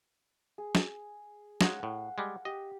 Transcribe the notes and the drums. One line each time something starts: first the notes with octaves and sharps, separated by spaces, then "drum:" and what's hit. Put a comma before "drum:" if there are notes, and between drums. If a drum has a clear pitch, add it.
G#4
drum: snare
G#3 C#4 D#4 F5 F#5, drum: snare
A2
G3 G#3
G4 D#5